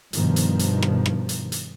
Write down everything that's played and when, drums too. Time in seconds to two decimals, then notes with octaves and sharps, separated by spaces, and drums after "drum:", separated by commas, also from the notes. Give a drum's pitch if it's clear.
0.13 G2 B2 D#3 F3, drum: hi-hat
0.36 drum: hi-hat
0.59 drum: hi-hat
0.82 drum: rim click
1.06 drum: rim click
1.29 drum: hi-hat
1.52 drum: hi-hat